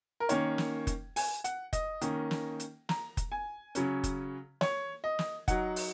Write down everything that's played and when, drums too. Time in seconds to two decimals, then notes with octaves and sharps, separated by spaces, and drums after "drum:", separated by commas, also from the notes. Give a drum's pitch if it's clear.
0.20 A#4
0.29 D#3 A#3 C#4 C#5, drum: hi-hat
0.58 drum: snare
0.87 drum: kick F1, hi-hat
1.16 G#5, drum: open hi-hat
1.44 F#5, drum: hi-hat
1.73 D#5, drum: kick F1, hi-hat
2.01 D#3 A#3 C#4, drum: hi-hat
2.31 drum: snare
2.60 drum: hi-hat
2.89 A#5, drum: snare
3.17 drum: kick F1, hi-hat
3.32 G#5
3.75 C#3 F#3 C#4, drum: hi-hat
4.04 drum: kick F1, hi-hat
4.61 C#5, drum: snare
5.04 D#5
5.19 drum: snare
5.48 F#3 D#4 F#5, drum: kick F1, hi-hat
5.76 drum: open hi-hat